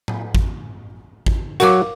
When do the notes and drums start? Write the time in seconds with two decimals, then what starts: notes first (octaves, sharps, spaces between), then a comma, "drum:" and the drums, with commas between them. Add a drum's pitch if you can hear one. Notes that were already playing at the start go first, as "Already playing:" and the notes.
0.08 drum: tom A2
0.35 drum: kick G#1
1.26 drum: kick G#1
1.60 F#3 F#4 A#4 F5 D6, drum: hi-hat